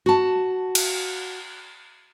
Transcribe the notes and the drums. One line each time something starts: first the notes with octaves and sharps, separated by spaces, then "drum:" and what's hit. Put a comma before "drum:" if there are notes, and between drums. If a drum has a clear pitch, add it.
F#4 A5
drum: cymbal